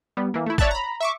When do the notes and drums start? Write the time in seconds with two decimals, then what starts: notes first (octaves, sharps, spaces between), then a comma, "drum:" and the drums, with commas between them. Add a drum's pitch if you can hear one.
0.17 G3 B3
0.34 E3 A#3
0.46 A3 E4
0.58 C#5 D5 E5 A5 F#6 A6, drum: kick G#1
0.71 A#5 B5
1.00 E5 C#6 D6